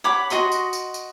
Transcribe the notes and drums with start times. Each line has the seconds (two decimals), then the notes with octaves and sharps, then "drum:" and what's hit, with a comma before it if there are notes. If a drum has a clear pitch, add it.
0.04 C#5 F#5 B5 D6
0.30 F#4 D#5 C6 C#6, drum: tambourine
0.52 drum: tambourine
0.73 drum: tambourine
0.94 drum: tambourine